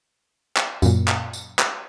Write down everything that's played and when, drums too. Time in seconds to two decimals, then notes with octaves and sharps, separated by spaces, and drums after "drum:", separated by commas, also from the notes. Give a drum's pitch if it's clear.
0.57 drum: clap
0.82 F#2 A#2, drum: tambourine
1.08 drum: clap
1.33 drum: tambourine
1.59 drum: clap